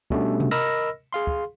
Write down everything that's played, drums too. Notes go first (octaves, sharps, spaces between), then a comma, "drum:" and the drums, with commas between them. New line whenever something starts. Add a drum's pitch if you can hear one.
B2 G3 A3 C#4 D4 G4, drum: kick
drum: tom C3
A#4 D#5 B5 E6 F6 A#6
G#4 F5 C6
drum: kick